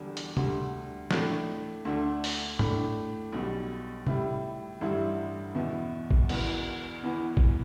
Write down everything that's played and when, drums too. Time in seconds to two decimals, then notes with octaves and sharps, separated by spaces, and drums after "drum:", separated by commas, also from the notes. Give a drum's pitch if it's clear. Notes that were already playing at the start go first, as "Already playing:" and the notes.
Already playing: E1 E2 D3 G3 D4
0.17 drum: hi-hat
0.37 D2 D3 G3, drum: tom
1.11 A2 A3 D4, drum: snare
1.85 D2 D3 A3 D4
2.24 drum: open hi-hat
2.59 A2 A3 D4, drum: tom
3.32 B1 B2 G3
4.07 A2 G3 E4, drum: tom
4.81 A1 G2 G3 E4
5.55 E2 B2 B3 E4
6.11 drum: kick A1
6.29 E1 E2 E3, drum: cymbal
7.03 E2 E3 B3
7.37 drum: kick A1